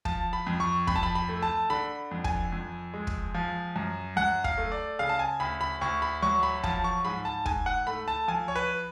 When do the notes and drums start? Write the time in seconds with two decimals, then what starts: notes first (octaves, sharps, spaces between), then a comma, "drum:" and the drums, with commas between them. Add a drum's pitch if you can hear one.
0.05 F3 A5, drum: kick
0.33 B5
0.47 F2
0.60 C#6
0.87 F2 B5, drum: kick
0.95 A5
1.03 B5
1.15 B5
1.29 A3
1.42 A5
1.70 D3 B5
2.11 F2
2.24 G#5, drum: kick
2.52 F2
2.94 G#3
3.07 drum: kick
3.34 F3
3.76 F#2
4.16 F#2 F#5
4.44 F5, drum: kick
4.58 A3
4.72 D5
4.99 C#3 F5
5.09 A5
5.19 G#5
5.40 D2 B5
5.61 B5
5.81 D2 C#6
6.02 B5
6.22 F#3 C#6
6.43 B5
6.64 F3 A5, drum: kick
6.84 C#6
7.05 G#2 B5
7.25 A5
7.46 G#2 G#5, drum: kick
7.66 F#5
7.87 A3 B5
8.08 A5
8.28 F3 G#5
8.48 C#5
8.55 B4